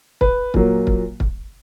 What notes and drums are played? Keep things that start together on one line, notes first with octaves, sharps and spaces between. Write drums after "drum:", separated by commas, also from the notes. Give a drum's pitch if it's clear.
B4, drum: kick
A#2 F#3 A#3, drum: kick
drum: kick
drum: kick